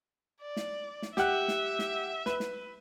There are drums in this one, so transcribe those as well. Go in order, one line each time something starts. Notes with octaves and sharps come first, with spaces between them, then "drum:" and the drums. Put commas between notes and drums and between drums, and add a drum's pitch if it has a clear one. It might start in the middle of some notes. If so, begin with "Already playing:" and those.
D5
drum: snare
drum: snare
G4 E5 F#5 F#6, drum: snare
drum: snare
drum: snare
B4, drum: snare
drum: snare